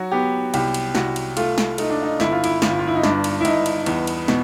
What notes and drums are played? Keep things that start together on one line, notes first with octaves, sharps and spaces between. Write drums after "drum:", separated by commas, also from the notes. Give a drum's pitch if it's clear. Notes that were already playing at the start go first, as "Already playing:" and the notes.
Already playing: F#3 F#4
B3 G4
C2 G4, drum: cymbal
drum: cymbal
C2 F#4, drum: snare
drum: cymbal
A3 F4, drum: cymbal
drum: snare
A3 D#4, drum: cymbal
D4
D#4
G1 E4, drum: snare
F4
E4, drum: cymbal
G1 F4, drum: snare
F4
E4
D#4
G2 D4, drum: snare
drum: cymbal
E4
G2 D#4, drum: cymbal
drum: cymbal
E2, drum: cymbal
drum: cymbal
B2, drum: snare